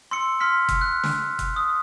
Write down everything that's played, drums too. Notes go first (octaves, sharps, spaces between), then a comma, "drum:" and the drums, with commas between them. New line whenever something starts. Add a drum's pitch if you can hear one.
C6 E6 C#7
C6 F6 B6
drum: kick F#1, hi-hat
F#6
drum: snare
drum: kick F#1, hi-hat
D#6